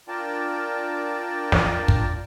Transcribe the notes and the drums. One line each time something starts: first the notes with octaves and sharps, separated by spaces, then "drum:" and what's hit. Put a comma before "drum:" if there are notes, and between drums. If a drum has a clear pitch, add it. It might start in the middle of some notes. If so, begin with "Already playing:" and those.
D4 F4 A#4 D5 G5 A5
drum: snare
drum: kick